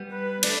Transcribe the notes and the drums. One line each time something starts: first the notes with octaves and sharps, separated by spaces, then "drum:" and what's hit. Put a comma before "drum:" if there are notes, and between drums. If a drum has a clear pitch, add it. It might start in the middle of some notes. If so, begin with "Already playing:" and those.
Already playing: G3 B3
B4
A3 D4 D5, drum: cymbal